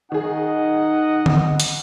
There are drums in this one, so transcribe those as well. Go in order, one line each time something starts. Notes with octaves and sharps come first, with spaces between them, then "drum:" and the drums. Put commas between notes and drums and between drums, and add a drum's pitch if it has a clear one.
D#3 D#4 G#4 D#5 F#5
drum: tom D3
drum: hi-hat